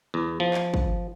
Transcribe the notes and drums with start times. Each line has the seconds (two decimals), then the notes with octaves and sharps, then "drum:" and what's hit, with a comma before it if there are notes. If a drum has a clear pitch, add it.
0.14 E2
0.40 F3
0.54 drum: clap
0.74 drum: kick